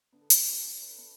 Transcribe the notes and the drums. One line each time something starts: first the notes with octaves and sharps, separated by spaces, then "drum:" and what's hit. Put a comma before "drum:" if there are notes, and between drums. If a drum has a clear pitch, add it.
D3 B3 D4 B4
A4
F#4, drum: hi-hat
A4
D5
B4
A4
B3 B4